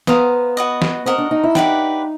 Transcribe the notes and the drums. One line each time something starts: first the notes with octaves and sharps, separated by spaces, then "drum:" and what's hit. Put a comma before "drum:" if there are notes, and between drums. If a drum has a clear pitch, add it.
B3 C5 F5 A#5 D#6, drum: snare
F#4 B4 D#5
drum: snare
C4 F#4 A#4 D#5
D4
D#4
E4
D#4 G4 B4 D5 F#5, drum: snare